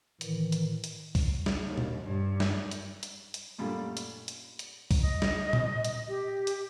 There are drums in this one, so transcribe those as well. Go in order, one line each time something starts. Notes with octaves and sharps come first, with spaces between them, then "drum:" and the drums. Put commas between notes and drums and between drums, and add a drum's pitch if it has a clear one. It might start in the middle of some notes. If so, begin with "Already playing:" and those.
A2 D#3 E3, drum: hi-hat
drum: hi-hat
drum: hi-hat
drum: kick C2, open hi-hat
drum: snare
D#2
drum: tom A#2
G2
drum: snare
drum: hi-hat
drum: hi-hat
drum: hi-hat
F#2 A#2 G3 A3 D4 F4
drum: hi-hat
drum: hi-hat
drum: hi-hat
drum: kick C2, open hi-hat
D#5
drum: snare
drum: tom
drum: hi-hat
G4
drum: hi-hat